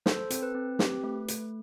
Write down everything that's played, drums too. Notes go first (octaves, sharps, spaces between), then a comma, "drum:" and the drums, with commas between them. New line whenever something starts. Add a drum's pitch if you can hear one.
A4 C5, drum: snare
C4, drum: hi-hat
B4
C4
G4, drum: snare
A3
A3, drum: hi-hat